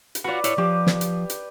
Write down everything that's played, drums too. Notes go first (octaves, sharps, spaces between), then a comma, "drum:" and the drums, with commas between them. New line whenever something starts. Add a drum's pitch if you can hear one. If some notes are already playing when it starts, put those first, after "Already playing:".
drum: hi-hat
F4 F#4 B4 D5
E4 C#5, drum: hi-hat
F3 G4 D6
drum: snare
drum: hi-hat
drum: hi-hat